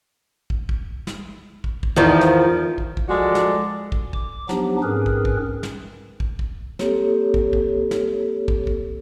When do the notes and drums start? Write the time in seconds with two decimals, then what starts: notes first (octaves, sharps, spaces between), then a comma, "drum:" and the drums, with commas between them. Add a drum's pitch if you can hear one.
0.50 drum: kick
0.69 drum: kick
1.07 drum: snare
1.64 drum: kick
1.83 drum: kick
1.96 E2 D#3 F3
2.21 drum: snare
2.78 drum: kick
2.97 drum: kick
3.09 F3 G#3 F#4 A4 D5
3.35 drum: snare
3.92 drum: kick
4.13 D6, drum: kick
4.49 F3 F#3 B3 D4 D#4 G4, drum: snare
4.83 G#2 C4 C#4 G#4 A#4 B4
5.06 drum: kick
5.25 drum: kick
5.63 drum: snare
6.20 drum: kick
6.39 drum: kick
6.79 A#3 C4 G4 A4 C#5, drum: snare
7.34 drum: kick
7.53 drum: kick
7.91 drum: snare
8.48 drum: kick
8.67 drum: kick